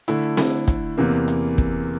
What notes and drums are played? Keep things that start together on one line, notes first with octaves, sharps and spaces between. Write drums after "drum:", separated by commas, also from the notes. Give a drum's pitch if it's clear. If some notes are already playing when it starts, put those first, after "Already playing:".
D3 A3 E4, drum: hi-hat
drum: snare C4
drum: kick, hi-hat
E2 C3 E3 A#3
drum: hi-hat
drum: kick